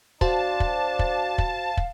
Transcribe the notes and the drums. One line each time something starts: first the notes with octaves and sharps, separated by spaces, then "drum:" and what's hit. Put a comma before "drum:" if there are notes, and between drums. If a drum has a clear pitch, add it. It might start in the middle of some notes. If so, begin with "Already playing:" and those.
D4 F#4 C5 F5 A5, drum: kick
drum: kick
drum: kick
drum: kick
drum: kick